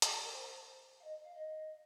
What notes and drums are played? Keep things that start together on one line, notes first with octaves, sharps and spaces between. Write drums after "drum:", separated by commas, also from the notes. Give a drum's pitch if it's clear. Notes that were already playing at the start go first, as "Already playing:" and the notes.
drum: hi-hat
A#4
C5
F5
D#5
F5
D#5